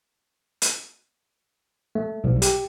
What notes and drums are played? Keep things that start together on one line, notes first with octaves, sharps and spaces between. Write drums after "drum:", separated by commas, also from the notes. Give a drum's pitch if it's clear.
drum: hi-hat
A3
B1
G4, drum: hi-hat